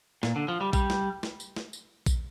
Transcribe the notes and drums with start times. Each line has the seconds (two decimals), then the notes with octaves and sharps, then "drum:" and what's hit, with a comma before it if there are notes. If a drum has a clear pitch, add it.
0.23 A#2, drum: snare
0.36 D3
0.48 F3
0.61 G3
0.73 G3, drum: kick A#1, tambourine
0.90 drum: snare
1.23 drum: snare
1.40 drum: tambourine
1.56 drum: snare
1.73 drum: tambourine
2.06 drum: kick A#1, tambourine